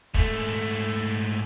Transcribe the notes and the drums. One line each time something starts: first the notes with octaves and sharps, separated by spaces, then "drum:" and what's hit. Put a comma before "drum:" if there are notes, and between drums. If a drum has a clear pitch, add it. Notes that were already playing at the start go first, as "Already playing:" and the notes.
G#2 A3, drum: kick